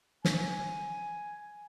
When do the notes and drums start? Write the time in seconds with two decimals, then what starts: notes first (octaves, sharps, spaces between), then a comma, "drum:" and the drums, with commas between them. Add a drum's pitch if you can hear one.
0.25 G#5, drum: snare